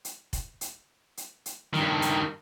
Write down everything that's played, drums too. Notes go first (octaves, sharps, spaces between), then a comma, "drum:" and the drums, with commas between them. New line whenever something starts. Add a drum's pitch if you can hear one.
drum: hi-hat
drum: kick F1, hi-hat
drum: hi-hat
drum: hi-hat
drum: hi-hat
G2 D#3, drum: snare
drum: hi-hat